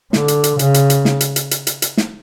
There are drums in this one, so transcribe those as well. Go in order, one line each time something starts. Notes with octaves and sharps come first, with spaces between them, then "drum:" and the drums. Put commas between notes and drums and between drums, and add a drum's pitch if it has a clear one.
D3, drum: snare
drum: hi-hat
drum: hi-hat
C#3, drum: hi-hat
drum: hi-hat
drum: hi-hat
drum: snare
drum: hi-hat
drum: hi-hat
drum: hi-hat
drum: hi-hat
drum: hi-hat
drum: snare